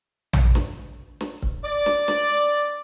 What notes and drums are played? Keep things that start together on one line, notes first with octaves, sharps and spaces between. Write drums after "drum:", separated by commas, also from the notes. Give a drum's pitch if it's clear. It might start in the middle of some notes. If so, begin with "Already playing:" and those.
drum: tom A#1
drum: snare
drum: snare
drum: kick C#1
D5
drum: snare
drum: snare